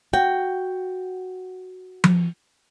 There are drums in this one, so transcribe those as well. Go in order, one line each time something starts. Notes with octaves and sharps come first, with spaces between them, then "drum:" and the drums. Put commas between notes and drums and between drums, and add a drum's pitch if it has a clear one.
F#4 G5
drum: tom F3